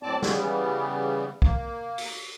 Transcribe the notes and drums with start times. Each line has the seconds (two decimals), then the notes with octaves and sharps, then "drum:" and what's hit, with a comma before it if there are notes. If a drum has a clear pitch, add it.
0.03 F#2 A2 C4 D5 A5 D6
0.22 C#3 E3 G3 B3, drum: snare
1.42 A#3, drum: kick
1.98 drum: open hi-hat